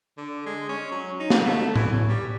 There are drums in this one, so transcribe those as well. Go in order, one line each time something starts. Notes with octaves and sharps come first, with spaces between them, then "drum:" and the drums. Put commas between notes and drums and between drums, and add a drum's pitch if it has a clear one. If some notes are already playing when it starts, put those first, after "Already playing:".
D3
G#3
C#4
F#3
D#4
drum: snare
A3
E3, drum: tom A2
F#3
G3